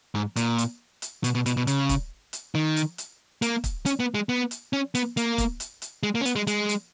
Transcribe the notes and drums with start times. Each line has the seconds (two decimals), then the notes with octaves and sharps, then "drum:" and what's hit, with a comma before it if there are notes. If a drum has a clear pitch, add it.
0.15 G#2
0.36 A#2, drum: hi-hat
0.58 drum: hi-hat
1.02 drum: hi-hat
1.24 B2, drum: hi-hat
1.35 B2
1.46 B2, drum: hi-hat
1.57 B2
1.67 C#3, drum: hi-hat
1.89 drum: kick, hi-hat
2.33 drum: hi-hat
2.55 D#3
2.76 drum: hi-hat
2.98 drum: hi-hat
3.42 A#3, drum: hi-hat
3.64 drum: kick, hi-hat
3.86 C#4, drum: hi-hat
4.00 B3
4.14 G#3
4.29 B3
4.51 drum: hi-hat
4.73 C#4
4.95 B3, drum: hi-hat
5.17 A#3, drum: hi-hat
5.38 drum: kick, hi-hat
5.60 drum: hi-hat
5.82 drum: hi-hat
6.03 G#3
6.15 A#3
6.21 C#4
6.25 B3, drum: hi-hat
6.36 G#3
6.47 G#3, drum: hi-hat
6.69 drum: hi-hat